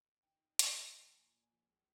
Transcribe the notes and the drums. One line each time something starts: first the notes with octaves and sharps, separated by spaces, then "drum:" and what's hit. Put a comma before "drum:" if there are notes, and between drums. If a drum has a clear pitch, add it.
D#4 G5
D#4
D#4 F5, drum: hi-hat
D#4
F3 G5
A#2 A#5
G#5
A#2
G#5
F3
C#2